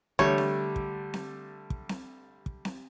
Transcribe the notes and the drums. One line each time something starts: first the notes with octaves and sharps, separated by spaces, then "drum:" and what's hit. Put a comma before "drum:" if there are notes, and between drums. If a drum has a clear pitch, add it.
D3 G3 A3 C#5, drum: kick
drum: snare C4
drum: kick
drum: snare C4
drum: kick
drum: snare C4
drum: kick
drum: snare C4